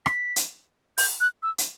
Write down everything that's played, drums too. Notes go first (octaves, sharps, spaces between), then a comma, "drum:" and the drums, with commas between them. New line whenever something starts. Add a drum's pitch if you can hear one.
B6, drum: rim click
drum: hi-hat
G6, drum: open hi-hat
F#6
E6
drum: hi-hat